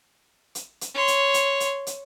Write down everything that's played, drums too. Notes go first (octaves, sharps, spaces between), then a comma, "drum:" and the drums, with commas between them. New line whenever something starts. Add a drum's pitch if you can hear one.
drum: hi-hat
drum: hi-hat
C#5 C6
drum: hi-hat
drum: hi-hat
drum: hi-hat
drum: hi-hat